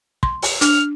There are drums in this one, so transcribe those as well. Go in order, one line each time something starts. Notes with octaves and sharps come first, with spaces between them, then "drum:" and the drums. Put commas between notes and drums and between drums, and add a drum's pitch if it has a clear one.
C6, drum: kick
drum: open hi-hat
D4 F6, drum: hi-hat